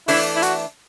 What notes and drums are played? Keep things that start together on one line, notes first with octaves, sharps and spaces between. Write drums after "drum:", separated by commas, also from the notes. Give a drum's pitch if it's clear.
E3 A3 D4 E4, drum: open hi-hat
E4
F#4, drum: hi-hat